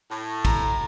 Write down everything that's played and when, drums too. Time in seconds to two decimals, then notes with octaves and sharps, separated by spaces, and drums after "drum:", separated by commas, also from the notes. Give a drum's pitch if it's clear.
0.10 A2
0.45 A#5, drum: kick, cymbal